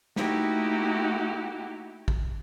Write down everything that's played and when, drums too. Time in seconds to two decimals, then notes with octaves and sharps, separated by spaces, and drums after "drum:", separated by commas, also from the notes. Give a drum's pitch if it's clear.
0.16 A3 A#3 D#4 E4 F#4 G4, drum: snare
2.08 drum: kick